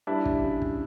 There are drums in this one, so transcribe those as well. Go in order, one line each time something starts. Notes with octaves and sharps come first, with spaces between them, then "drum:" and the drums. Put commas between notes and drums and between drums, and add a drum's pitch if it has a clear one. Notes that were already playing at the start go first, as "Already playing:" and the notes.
G3 D4 E4
drum: kick
C#3
drum: kick